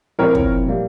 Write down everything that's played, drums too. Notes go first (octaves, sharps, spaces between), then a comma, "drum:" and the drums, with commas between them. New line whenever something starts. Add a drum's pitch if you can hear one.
A#2 F3 C4 E4 A#4 C#5
drum: kick
A#2 G3 A#3